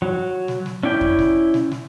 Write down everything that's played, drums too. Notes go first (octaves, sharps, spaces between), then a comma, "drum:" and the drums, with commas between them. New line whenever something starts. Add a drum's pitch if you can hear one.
F#3
drum: snare
drum: snare
C#4 E4 D5 G5
drum: kick F2
drum: snare
drum: snare
drum: snare